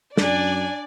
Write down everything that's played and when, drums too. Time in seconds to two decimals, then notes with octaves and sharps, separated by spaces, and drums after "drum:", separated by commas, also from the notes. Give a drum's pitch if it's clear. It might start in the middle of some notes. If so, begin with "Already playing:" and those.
0.17 F#2 D4 D5 G#5, drum: snare